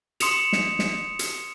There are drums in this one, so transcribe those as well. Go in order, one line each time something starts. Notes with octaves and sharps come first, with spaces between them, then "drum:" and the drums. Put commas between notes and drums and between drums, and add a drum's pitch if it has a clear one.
C6 D#6 C#7 E7 F7, drum: hi-hat
drum: snare
drum: snare
drum: hi-hat